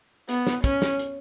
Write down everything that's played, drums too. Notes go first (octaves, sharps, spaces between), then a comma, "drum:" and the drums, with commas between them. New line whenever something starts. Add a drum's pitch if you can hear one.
B3, drum: hi-hat
drum: snare
C#4, drum: kick, hi-hat
drum: snare
drum: hi-hat